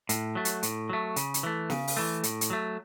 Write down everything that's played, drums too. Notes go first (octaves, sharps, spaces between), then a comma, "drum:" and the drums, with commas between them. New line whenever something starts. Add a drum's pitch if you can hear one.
A2, drum: hi-hat
F#3 A3
drum: hi-hat
A2, drum: hi-hat
F#3 A3
C#3, drum: hi-hat
drum: hi-hat
E3 A3
C#3, drum: snare
drum: open hi-hat
E3 A3
A2, drum: hi-hat
drum: hi-hat
F#3 A3